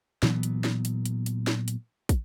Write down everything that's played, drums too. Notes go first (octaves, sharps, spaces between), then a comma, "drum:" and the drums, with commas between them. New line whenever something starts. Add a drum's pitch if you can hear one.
A#2 E3 F#3 B3, drum: snare
drum: hi-hat
drum: snare
drum: hi-hat
drum: hi-hat
drum: hi-hat
drum: snare
drum: hi-hat
drum: kick, hi-hat